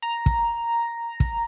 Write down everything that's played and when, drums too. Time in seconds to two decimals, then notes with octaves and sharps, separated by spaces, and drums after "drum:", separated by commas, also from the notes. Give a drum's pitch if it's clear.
0.02 A#5
0.26 drum: kick
1.20 drum: kick